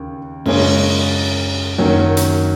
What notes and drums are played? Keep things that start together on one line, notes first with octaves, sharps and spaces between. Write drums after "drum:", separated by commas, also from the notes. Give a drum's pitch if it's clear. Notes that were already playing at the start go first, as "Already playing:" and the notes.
Already playing: D#2 C#3
F#2 C#3 G#3 C#4, drum: cymbal
F#1 F#2 D#3 F#3 C#4
drum: hi-hat